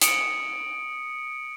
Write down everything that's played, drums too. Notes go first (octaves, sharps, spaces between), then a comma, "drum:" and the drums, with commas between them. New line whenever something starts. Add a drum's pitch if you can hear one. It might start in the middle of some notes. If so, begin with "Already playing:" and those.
D#6 C#7 D7, drum: hi-hat